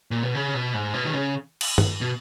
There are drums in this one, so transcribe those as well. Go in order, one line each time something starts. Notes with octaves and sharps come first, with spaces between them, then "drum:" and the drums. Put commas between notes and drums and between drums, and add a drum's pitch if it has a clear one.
A#2
B2
C#3
B2
G#2
B2
D#3
C#3
drum: cymbal
drum: tom G2
B2